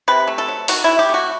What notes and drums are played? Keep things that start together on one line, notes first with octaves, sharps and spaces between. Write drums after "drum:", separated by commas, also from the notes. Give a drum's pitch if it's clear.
C3 B4
A3
A4
F#3
D#3 F#4, drum: open hi-hat
C3 E4
G4
A3 F#4